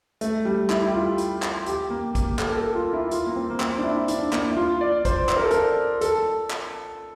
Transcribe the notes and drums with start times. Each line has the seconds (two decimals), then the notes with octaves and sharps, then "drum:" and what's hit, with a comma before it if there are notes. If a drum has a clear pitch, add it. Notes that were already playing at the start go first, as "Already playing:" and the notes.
0.21 A3, drum: hi-hat
0.45 G3
0.70 E4, drum: clap
0.88 G4
0.94 F4
1.18 drum: hi-hat
1.42 drum: clap
1.66 G4, drum: hi-hat
1.90 A#3
2.15 A#3, drum: kick, hi-hat
2.39 A4, drum: clap
2.49 A#4
2.57 A4
2.75 F4
2.93 E4
3.11 F4, drum: hi-hat
3.27 A#3
3.36 C4
3.50 A#3
3.60 C4, drum: clap
3.78 D4
3.84 E4
4.08 D4, drum: hi-hat
4.33 A#3, drum: clap
4.50 E4
4.57 F4
4.81 D5
5.05 C5, drum: kick, hi-hat
5.29 C5, drum: clap
5.36 A#4
5.44 A4
5.51 A#4, drum: hi-hat
6.01 A4, drum: hi-hat
6.50 drum: clap